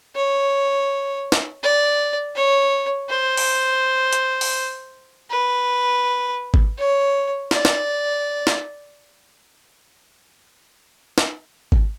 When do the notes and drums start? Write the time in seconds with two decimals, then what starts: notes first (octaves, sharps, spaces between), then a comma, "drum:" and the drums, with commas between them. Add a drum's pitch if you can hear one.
0.15 C#5
1.32 drum: snare
1.63 D5
2.36 C#5
3.09 C5
3.37 drum: open hi-hat
4.13 drum: hi-hat
4.41 drum: open hi-hat
5.30 B4
6.54 drum: kick G#1
6.78 C#5
7.51 D5, drum: snare
7.65 drum: snare
8.47 drum: snare
11.18 drum: snare
11.72 drum: kick G#1